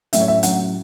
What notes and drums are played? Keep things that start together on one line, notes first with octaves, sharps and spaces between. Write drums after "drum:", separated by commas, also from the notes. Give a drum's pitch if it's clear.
A2 F#3 C#4 E5, drum: hi-hat
C#5
E5
A2 F#3 C#4 F#5, drum: hi-hat